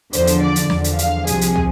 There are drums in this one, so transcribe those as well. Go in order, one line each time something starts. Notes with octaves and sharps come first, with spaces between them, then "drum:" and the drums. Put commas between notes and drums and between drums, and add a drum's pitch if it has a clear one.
E2 D3 F3 C5, drum: hi-hat
drum: hi-hat
D5
drum: hi-hat
E2 D3 F3, drum: snare
drum: hi-hat
F5, drum: hi-hat
C2 C3 F3 G#4, drum: hi-hat
drum: hi-hat
drum: tom